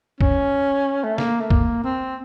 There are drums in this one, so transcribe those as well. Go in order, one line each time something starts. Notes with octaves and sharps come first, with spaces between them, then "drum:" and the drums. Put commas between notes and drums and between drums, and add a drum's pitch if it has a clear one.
C#4, drum: kick
A3
A#3, drum: snare
A3
A#3, drum: kick
C4